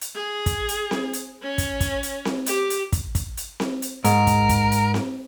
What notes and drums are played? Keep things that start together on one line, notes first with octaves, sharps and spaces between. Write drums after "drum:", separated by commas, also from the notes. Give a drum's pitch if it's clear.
drum: hi-hat
G#4
drum: kick, hi-hat
drum: hi-hat
drum: snare C4
drum: hi-hat
C#4
drum: kick, hi-hat
drum: kick, hi-hat
drum: hi-hat
drum: snare C4
G4, drum: hi-hat
drum: hi-hat
drum: kick, hi-hat
drum: kick, hi-hat
drum: hi-hat
drum: snare C4
drum: hi-hat
G#2 A#4, drum: hi-hat
drum: kick, hi-hat
drum: kick, hi-hat
drum: hi-hat
drum: snare C4